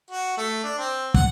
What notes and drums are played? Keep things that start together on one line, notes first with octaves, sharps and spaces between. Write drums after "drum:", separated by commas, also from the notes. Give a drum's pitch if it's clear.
F#4
A3
D4
C4
F#5, drum: kick